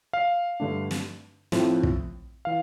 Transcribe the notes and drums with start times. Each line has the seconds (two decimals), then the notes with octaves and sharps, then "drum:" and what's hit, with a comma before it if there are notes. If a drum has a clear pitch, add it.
0.13 F5
0.60 G2 D3 A3 D4
0.91 drum: snare
1.52 A2 F3 C4, drum: snare
1.83 drum: kick
2.45 E3 F5